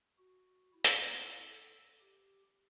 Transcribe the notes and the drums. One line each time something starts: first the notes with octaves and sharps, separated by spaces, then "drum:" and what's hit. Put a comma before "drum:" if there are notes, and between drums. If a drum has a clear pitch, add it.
F#4
E4
drum: hi-hat
A4
G4